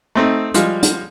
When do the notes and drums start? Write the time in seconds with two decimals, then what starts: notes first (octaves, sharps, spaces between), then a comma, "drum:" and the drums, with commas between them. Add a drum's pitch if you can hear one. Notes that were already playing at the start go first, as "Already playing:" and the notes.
0.15 A3 C4 D#4
0.54 F3 G3 G#3 F4, drum: hi-hat
0.83 drum: hi-hat